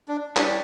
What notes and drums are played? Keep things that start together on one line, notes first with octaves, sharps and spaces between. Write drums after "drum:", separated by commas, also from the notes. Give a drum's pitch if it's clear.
D4
E3 G3 C#4 D4 G4, drum: clap